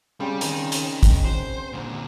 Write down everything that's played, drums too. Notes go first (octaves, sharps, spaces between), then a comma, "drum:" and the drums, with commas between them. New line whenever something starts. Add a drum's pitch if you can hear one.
C#3 G3 C4 D4
D#3 A#4, drum: hi-hat
drum: hi-hat
drum: kick, hi-hat
F#4 C5
A#2 D3